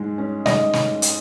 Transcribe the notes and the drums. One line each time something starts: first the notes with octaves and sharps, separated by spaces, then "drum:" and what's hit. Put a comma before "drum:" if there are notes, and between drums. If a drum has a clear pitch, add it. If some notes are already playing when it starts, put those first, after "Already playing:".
Already playing: G#2 G#3
C#4
G#2 D#5, drum: snare
C#4, drum: snare
drum: hi-hat